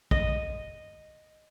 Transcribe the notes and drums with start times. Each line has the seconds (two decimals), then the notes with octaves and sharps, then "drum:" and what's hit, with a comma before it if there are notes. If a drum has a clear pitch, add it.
0.11 D#5, drum: kick